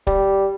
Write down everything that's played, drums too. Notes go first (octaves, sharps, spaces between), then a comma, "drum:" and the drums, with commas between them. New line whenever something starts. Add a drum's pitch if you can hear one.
G3, drum: kick